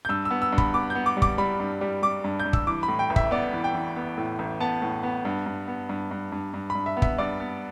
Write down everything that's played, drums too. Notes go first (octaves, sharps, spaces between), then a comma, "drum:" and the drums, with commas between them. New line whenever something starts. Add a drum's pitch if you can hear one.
G6
G2 E6
E6
B3
E6
G2
B5, drum: kick
B3 D6
G6
B3
D6
G3
D6, drum: kick
G3 B5
G2
G3
G3 D6
G2
G6
G2
E6, drum: kick
E3 D6
B5
A2
G5
A1
E5, drum: kick
B3 D5
E3
G5
E3
B3
A2
A1
B3 A5
A2
B3
G2
G2
B3
G2
G2
G2
G2
B5
G2
E5
B3
E5, drum: kick
G2 D5
B3